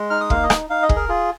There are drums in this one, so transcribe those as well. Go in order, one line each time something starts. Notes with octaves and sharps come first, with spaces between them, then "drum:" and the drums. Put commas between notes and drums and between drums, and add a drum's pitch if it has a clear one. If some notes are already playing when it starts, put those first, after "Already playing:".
Already playing: G#3
D#4 F6
D#6
A#3 F5, drum: kick
D#5
D#4, drum: rim click
D#4 F5
D#5
G#4, drum: kick
A#4
F4 G#4